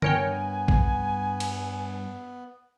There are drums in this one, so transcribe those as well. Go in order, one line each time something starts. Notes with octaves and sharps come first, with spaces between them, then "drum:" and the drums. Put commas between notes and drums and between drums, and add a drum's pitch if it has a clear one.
G2 B3 A#4 C#5 G5 G#5, drum: tom D3
drum: kick
drum: cymbal